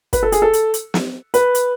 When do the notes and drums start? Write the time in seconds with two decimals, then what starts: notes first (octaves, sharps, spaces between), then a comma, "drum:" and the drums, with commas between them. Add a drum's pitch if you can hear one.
0.13 B4, drum: kick, hi-hat
0.23 A4
0.32 G#4, drum: hi-hat
0.42 A4
0.53 drum: hi-hat
0.74 drum: hi-hat
0.94 drum: snare
1.34 B4, drum: hi-hat
1.55 drum: hi-hat